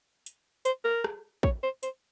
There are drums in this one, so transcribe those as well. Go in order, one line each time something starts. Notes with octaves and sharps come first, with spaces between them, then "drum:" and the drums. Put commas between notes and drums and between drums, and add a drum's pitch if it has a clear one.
drum: hi-hat
C5, drum: hi-hat
A#4
drum: rim click
C#5, drum: kick
C5
C5, drum: hi-hat